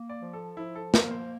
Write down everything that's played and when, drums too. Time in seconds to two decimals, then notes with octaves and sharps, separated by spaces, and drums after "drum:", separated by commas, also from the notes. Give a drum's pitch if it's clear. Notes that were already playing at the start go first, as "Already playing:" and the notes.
Already playing: A#3
0.10 D5
0.21 F3
0.33 A4
0.57 F3 E4
0.75 A4
0.94 A#3 A#4, drum: snare
1.11 C5